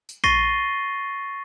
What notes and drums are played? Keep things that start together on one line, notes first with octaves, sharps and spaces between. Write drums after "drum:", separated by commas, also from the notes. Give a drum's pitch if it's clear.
drum: tambourine
C#6 A6 A#6 C7 D#7 G7, drum: kick A#1